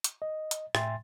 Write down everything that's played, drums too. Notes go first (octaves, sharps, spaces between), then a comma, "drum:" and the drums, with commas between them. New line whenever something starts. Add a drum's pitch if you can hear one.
drum: hi-hat
D#5
drum: hi-hat
A2 E5 G5 G#5 C6 A6, drum: rim click